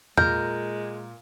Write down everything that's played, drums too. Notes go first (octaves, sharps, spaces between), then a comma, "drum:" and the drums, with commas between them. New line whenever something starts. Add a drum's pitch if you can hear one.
A#2 G#3 A#4 G6, drum: tom